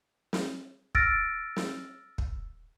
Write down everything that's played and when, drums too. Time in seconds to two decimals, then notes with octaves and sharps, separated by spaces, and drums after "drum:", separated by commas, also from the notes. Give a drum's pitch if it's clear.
0.33 drum: snare
0.95 E6 F6 A6 A#6 D7, drum: kick
1.56 drum: snare
2.18 drum: kick